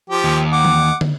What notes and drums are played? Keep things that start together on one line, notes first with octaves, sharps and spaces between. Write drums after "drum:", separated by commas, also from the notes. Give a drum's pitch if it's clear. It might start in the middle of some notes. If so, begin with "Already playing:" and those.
F3 G4
D#2
F#5 D6
drum: tom E3
drum: tom